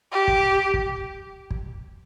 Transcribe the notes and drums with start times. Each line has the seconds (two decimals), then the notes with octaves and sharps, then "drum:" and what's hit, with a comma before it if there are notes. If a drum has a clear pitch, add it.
0.12 G4
0.28 drum: kick
0.74 drum: kick
1.51 drum: kick